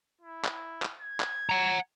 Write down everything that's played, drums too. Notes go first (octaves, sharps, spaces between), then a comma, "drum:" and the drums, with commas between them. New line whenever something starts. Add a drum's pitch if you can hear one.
E4
drum: clap
drum: clap
G#6
drum: clap
F#5 A#5